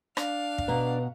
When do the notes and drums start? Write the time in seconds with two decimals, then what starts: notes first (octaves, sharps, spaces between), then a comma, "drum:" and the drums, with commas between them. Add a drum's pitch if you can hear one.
0.17 D4 F5, drum: rim click
0.58 drum: kick
0.68 B2 B4 F#5 A#5